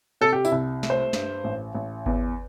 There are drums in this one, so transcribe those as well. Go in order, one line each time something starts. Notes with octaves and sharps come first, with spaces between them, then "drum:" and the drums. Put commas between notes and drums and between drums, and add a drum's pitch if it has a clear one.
C3 A4
G4
E4, drum: tambourine
C2
A3, drum: snare
C5
G2, drum: snare
A1
A1
E2, drum: kick G1